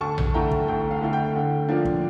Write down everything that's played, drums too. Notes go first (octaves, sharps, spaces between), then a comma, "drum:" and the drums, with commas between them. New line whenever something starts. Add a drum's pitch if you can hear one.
D2 A5 C#6
drum: tom A#1
D3 A3 E4 G5 A#5
drum: kick
D2 G5
F5
D3 A3 E4
G5
D3
F3 A#3 D4 F4
drum: kick